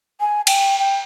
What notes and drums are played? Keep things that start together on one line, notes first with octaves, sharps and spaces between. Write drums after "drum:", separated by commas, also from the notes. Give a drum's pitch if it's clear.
G#5
G5, drum: cymbal
G5